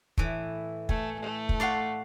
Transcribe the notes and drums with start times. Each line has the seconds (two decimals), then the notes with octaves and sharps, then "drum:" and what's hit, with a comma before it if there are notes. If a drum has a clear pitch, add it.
0.18 A2 E3, drum: kick
0.89 A3 G#5, drum: kick
1.20 A3
1.49 drum: kick
1.60 D5 F5 F#5 C6 C#6